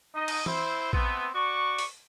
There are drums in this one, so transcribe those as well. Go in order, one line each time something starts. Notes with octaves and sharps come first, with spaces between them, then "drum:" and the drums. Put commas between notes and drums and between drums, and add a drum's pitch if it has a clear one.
D#4 D#5
drum: cymbal
C4 E4 C5, drum: tom E3
A3 B3 C4, drum: kick A#1
F#4 D5 C#6
drum: open hi-hat